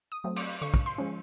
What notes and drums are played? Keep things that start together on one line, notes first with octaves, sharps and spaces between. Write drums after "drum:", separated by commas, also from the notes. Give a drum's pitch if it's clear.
D#6
F#3 A3 C4
D6, drum: cymbal
D3 C#6
drum: kick
C6
F3 G#3 C#4